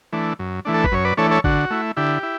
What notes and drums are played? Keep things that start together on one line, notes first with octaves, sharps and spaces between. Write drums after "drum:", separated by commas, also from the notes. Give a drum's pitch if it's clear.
E3 A3 D4
F#2
E3 A3 D4
A4
B4, drum: kick
F#2 C#5
B4 D5
E3 A3 D4 A4 C#5
A4 C#5
D3 F#4, drum: kick
A3 E4
D3 E4 G4
E4